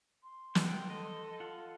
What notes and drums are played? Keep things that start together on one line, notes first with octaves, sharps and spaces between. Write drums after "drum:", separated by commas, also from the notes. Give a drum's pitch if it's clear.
C6
F#5 G5, drum: snare
A4 D#5
F4 F#5